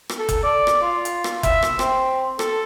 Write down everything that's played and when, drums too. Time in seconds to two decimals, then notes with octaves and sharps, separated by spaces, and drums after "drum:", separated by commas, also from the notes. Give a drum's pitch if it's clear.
0.09 drum: rim click
0.19 A4
0.29 drum: kick F#1, hi-hat
0.44 D5
0.67 drum: rim click
0.82 F4
1.05 drum: hi-hat
1.24 drum: rim click
1.43 E5, drum: kick F#1, hi-hat
1.62 drum: rim click
1.79 C4, drum: rim click
2.39 A4, drum: rim click